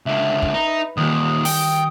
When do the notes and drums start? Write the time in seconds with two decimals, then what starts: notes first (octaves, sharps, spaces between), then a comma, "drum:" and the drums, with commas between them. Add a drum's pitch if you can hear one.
0.06 C#2 D3 E5
0.42 drum: kick
0.54 D#4 B4
0.97 D#2 A#2 D#3 G3 D#6
1.45 G5, drum: open hi-hat